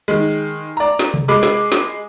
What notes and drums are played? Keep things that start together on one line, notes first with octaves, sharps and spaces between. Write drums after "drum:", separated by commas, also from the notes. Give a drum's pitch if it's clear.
D#3 G#3
D5 A#5
drum: snare
drum: tom C3
G#3 B5 D6
drum: snare
drum: snare